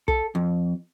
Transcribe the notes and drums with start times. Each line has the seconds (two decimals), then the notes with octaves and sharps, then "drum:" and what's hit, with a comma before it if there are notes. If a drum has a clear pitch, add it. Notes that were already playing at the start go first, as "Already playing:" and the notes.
0.08 A4, drum: kick
0.35 F2